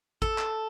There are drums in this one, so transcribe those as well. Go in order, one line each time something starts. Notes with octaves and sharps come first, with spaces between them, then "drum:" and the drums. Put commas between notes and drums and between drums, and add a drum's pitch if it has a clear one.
A4, drum: kick G#1
drum: clap